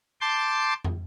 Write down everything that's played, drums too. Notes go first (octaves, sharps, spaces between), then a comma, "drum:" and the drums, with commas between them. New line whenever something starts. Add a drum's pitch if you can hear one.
A5 C6 D6 G6
drum: tom